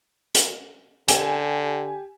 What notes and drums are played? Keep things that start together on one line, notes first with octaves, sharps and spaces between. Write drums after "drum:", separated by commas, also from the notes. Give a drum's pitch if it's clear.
drum: hi-hat
D3 G4 G#5 E7, drum: hi-hat